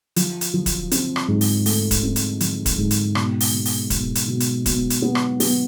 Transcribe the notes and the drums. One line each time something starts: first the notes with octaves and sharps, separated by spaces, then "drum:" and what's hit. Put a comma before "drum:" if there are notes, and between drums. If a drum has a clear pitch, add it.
F3, drum: hi-hat
drum: hi-hat
F3
drum: kick, hi-hat
C4, drum: hi-hat
drum: rim click
G#2
drum: open hi-hat
A3, drum: open hi-hat
drum: kick, hi-hat
C4
drum: hi-hat
F3, drum: hi-hat
drum: kick, hi-hat
G#2
drum: hi-hat
B2, drum: rim click
drum: open hi-hat
B2
drum: open hi-hat
B2, drum: kick, hi-hat
drum: hi-hat
B2
drum: hi-hat
B2, drum: kick, hi-hat
drum: hi-hat
B3
drum: rim click
B3, drum: open hi-hat